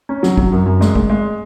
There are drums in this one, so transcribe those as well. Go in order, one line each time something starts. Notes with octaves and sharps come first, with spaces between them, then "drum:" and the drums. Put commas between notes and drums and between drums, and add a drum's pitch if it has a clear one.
C#4
F#3, drum: snare
F#3, drum: kick
F#2
F#2
G#3, drum: snare
G#3, drum: kick
G#3